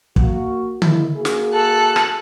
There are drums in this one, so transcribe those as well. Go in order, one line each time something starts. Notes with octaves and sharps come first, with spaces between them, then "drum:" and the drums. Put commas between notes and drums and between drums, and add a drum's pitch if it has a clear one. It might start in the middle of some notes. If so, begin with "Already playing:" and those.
A#3 F#4, drum: kick
G#2 A#3 E4, drum: tom D3
A#3 F#4 G#4
drum: snare
A4 F#6
drum: rim click